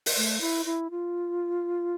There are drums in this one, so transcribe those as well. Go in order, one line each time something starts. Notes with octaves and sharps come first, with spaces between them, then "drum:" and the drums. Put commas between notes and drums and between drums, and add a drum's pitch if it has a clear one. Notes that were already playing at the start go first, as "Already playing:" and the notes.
drum: open hi-hat
A3
E4
E4
F4